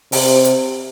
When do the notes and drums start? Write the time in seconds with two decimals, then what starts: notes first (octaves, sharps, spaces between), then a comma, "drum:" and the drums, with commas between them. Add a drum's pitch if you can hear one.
0.12 C3, drum: open hi-hat
0.44 drum: hi-hat